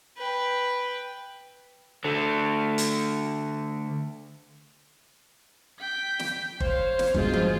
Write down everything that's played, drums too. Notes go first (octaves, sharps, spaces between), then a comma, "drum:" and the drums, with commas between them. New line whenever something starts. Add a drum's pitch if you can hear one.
B4 G5
D3 A3
drum: hi-hat
G5 B6
drum: snare
C5 C#5 F5, drum: kick G1
drum: snare
G2 B2 G#3 F4 G#4, drum: kick G1
drum: tom E3